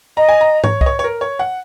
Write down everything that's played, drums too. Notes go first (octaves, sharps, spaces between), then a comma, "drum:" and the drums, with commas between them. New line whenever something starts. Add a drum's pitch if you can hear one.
D#5 A#5
G#5
A#5
C#5, drum: tom G#2
D#5, drum: kick C2
C#5
C#5
A#4
C#5
F#5